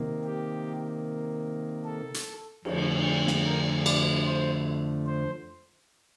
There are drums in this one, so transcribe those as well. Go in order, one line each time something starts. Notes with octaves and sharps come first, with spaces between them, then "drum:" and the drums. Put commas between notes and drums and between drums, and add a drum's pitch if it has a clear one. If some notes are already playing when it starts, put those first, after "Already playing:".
Already playing: C3 D#3 A#3
G4
A4
drum: hi-hat
F2 D3 F3 A3, drum: cymbal
drum: snare
A#4
D5, drum: cymbal
C5
C5